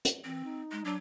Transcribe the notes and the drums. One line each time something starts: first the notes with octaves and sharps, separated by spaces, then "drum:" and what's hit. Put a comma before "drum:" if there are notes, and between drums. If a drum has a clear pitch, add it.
drum: hi-hat
E3 C4
D#4
G#3
F#3 D4